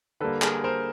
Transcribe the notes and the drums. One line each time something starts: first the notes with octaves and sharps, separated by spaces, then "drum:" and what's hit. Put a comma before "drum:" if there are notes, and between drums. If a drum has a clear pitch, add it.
D3 G3 A#3 A4 B4
G#4 A#4, drum: clap
A#4 C5